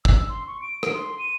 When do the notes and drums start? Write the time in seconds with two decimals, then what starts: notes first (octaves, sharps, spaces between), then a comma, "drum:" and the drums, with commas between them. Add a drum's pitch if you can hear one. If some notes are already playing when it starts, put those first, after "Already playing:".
0.05 E6, drum: kick
0.29 C6
0.47 C#6
0.62 D7
0.83 drum: rim click
0.94 C6
1.19 D#7